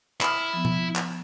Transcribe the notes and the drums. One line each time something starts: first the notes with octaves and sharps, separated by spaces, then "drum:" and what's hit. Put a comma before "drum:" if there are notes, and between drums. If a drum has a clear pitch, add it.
E4 B5 D#6 F6, drum: clap
F3 B3
drum: tom B2
drum: clap